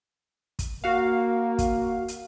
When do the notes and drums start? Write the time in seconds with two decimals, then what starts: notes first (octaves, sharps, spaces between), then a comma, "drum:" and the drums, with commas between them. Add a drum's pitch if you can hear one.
0.59 drum: kick, hi-hat
0.84 A#3 F#4 F5
1.58 drum: kick, hi-hat
2.08 drum: hi-hat